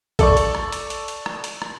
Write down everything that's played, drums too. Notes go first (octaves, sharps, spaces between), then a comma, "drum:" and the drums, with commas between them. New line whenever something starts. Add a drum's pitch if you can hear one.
A4 D5 C#6, drum: kick, hi-hat
drum: hi-hat
drum: rim click
drum: hi-hat
drum: hi-hat
drum: hi-hat
drum: rim click
drum: hi-hat
drum: rim click